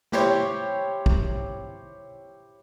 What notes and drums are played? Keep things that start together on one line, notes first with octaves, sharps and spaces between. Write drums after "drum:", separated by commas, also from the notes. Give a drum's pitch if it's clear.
E4 G4 C5 C#5, drum: snare
drum: kick